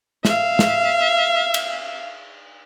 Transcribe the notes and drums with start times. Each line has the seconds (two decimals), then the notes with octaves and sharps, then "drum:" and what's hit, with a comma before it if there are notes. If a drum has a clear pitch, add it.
0.25 E5 F5, drum: snare
0.59 drum: snare
1.54 drum: cymbal